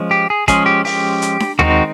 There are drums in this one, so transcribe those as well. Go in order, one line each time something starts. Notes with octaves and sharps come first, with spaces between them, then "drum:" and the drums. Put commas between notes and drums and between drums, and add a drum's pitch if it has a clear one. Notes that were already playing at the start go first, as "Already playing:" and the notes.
Already playing: F3 G#3 C#4
G4
G#4
F3 G#3 C#4 G#4, drum: kick, hi-hat
G4
G4, drum: open hi-hat
drum: hi-hat
drum: snare D4
D#3 G#3 C4 D#4 F#4, drum: tom D#2